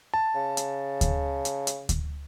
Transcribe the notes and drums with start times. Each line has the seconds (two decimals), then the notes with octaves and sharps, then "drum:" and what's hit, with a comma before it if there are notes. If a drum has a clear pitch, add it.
0.14 A5
0.35 C#3
0.57 drum: hi-hat
1.01 drum: kick D2, hi-hat
1.45 drum: hi-hat
1.67 drum: hi-hat
1.89 drum: kick D2, hi-hat